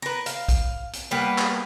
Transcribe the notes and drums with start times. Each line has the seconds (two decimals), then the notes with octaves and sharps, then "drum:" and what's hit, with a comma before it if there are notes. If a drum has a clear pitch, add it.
0.02 A#4 B4
0.26 F5, drum: hi-hat
0.48 drum: kick A#1, hi-hat
0.93 drum: hi-hat
1.11 G3 A#3 B3 B4
1.38 drum: clap